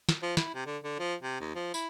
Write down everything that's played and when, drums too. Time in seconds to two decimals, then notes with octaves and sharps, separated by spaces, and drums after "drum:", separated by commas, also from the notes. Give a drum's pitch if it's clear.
0.09 drum: snare
0.22 F3
0.37 E4, drum: snare
0.54 C3
0.66 D3
0.84 D3
0.99 F3
1.23 C3
1.40 D#2
1.55 F3
1.74 E4, drum: tambourine